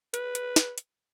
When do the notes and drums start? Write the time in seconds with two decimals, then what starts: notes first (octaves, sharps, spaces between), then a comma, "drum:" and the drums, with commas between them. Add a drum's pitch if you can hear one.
0.14 B4, drum: hi-hat
0.35 drum: hi-hat
0.56 drum: snare
0.78 drum: hi-hat